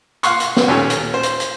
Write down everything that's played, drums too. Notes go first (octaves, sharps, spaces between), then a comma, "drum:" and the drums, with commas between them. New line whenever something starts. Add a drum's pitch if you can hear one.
F5 F#5 C6 C#6, drum: hi-hat
drum: hi-hat
drum: snare
D#2 A#2 C#4 A4
drum: hi-hat
C5
drum: hi-hat
drum: hi-hat